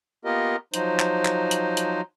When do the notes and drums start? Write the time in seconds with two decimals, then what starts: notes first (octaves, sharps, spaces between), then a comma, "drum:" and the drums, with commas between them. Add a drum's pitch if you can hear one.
0.25 A#3 B3 F4 G4 A#4 D#5
0.74 F3 F#3 D#4 C5, drum: hi-hat
0.99 drum: clap
1.25 drum: clap
1.51 drum: hi-hat
1.77 drum: hi-hat